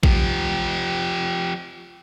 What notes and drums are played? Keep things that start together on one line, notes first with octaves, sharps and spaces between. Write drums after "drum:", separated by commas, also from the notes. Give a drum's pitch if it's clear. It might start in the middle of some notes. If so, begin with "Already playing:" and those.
F3 G4, drum: kick A#1